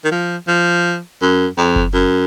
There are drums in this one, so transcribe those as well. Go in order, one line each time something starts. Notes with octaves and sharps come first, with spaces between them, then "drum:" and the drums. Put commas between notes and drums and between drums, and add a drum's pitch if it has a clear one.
D#3
F3
F3
F#2
F2
drum: kick F#1
F#2